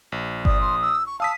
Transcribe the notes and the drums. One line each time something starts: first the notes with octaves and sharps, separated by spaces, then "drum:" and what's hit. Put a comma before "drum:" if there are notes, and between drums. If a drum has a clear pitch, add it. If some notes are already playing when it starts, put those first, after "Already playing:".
A#1
D5 D#6, drum: kick G1
C6
E6
C#6
F5 A5 D#6 E6 B6